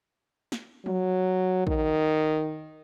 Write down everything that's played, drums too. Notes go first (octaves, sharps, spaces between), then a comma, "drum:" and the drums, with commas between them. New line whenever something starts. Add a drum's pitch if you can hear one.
drum: snare
F#3, drum: tom F3
D#3, drum: kick A#1